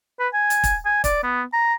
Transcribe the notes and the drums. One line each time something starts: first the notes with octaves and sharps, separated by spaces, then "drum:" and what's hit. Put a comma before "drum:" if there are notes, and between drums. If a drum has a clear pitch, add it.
B4
G#5
drum: hi-hat
drum: kick, hi-hat
G#5
D5, drum: kick, hi-hat
B3
A#5